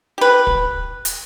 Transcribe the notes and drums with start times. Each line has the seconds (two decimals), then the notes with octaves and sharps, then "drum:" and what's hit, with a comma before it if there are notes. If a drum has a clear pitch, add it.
0.18 G4 B4
0.47 drum: kick
1.05 drum: hi-hat